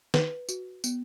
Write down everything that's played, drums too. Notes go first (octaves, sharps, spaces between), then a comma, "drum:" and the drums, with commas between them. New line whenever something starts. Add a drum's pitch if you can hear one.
B4, drum: snare
F#4, drum: tambourine
B3, drum: tambourine